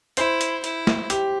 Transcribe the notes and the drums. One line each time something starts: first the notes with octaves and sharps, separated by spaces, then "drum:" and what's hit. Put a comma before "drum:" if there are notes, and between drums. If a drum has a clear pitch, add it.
E4 C5, drum: hi-hat
drum: hi-hat
E4, drum: hi-hat
drum: snare
G4, drum: hi-hat